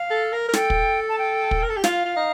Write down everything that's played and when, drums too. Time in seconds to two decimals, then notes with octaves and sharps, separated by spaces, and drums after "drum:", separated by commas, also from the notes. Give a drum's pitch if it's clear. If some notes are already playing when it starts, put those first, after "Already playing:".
Already playing: F5
0.10 A4
0.32 A#4
0.48 A#4
0.53 A4 G5, drum: snare
0.70 drum: kick
1.09 A5
1.18 G5
1.51 drum: kick
1.62 A#4
1.69 A4
1.76 G4
1.84 F4 F5, drum: snare
2.05 F4
2.16 D#4